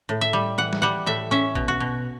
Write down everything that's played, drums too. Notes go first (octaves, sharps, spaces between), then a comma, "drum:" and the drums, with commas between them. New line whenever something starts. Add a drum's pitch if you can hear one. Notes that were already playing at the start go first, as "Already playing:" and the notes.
A2
E5
G3
E3 F#5
drum: snare G3
G3 F#5
A2 E5
C#4 E5
B2, drum: kick
F#4
B2